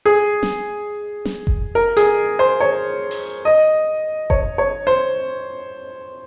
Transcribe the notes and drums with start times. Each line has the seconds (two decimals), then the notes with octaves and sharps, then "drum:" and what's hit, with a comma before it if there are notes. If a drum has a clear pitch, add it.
0.05 G#4
0.43 drum: snare
1.25 drum: snare
1.47 drum: kick F#1
1.75 A#4
1.97 G#4, drum: hi-hat
2.39 C5
2.60 C#5
3.11 drum: open hi-hat
3.45 D#5
4.30 C#5, drum: kick F#1
4.58 C#5
4.87 C5